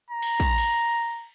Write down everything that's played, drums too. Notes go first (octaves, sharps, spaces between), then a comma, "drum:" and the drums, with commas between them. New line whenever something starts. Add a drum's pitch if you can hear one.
A#5
drum: cymbal
drum: kick
drum: cymbal